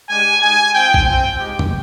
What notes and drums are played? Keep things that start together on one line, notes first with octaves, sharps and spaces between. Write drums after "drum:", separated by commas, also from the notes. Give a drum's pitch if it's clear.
G#3 D4 G4 G#5
G#3 D#4 G4 G#5
C4 F4 G5
drum: kick A1
C4 F4 G5
G#3 D#4 G4
drum: tom E2